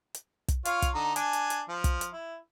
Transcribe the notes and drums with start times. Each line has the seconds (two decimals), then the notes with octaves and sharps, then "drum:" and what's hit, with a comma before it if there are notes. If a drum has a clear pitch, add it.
0.14 drum: hi-hat
0.48 drum: kick, hi-hat
0.65 F4 C#5 F5, drum: hi-hat
0.82 drum: kick, hi-hat
0.94 D3 D#4
1.16 D4 G#5, drum: hi-hat
1.33 drum: hi-hat
1.50 drum: hi-hat
1.69 F3
1.84 drum: kick, hi-hat
2.01 drum: hi-hat
2.12 E4